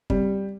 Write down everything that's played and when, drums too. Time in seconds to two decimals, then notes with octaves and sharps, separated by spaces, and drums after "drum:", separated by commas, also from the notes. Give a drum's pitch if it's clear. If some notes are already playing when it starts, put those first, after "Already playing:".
0.10 G3, drum: kick